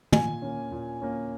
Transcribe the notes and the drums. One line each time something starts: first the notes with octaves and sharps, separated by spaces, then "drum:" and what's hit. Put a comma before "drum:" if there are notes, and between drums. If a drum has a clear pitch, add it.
A#2 G#5, drum: tom
A#3 C#4
A#2
A#3 C#4